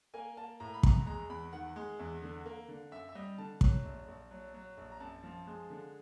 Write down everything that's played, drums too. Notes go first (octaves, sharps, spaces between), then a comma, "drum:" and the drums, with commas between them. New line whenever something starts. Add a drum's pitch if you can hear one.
A#3 G#5
A#3 A5
A2 A#5
B5
E2 A#5, drum: kick
G#3 A#5
E2 B5
D#3 F#5
G#3
E2
D3
A#3
D3
F#2 E5
E5
G3 D#5
D3 A5
F#3, drum: kick
A#1
A#1
F#3
F#3
A#1
A#5
F#2 A5
F3
G#3
D3